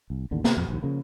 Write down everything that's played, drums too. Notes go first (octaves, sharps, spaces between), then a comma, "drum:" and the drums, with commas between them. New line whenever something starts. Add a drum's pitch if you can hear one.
C2
A1 D#2 D3
C3 A#3, drum: snare
F2 A#2
A#1 D#2
C#3 F3 A#3